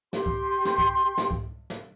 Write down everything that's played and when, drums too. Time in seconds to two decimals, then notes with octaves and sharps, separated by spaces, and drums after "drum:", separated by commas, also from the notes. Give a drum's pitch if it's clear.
0.13 G4 C6, drum: snare
0.26 drum: kick C2
0.65 drum: snare
0.78 drum: kick C2
1.18 drum: snare
1.31 drum: kick C2
1.70 drum: snare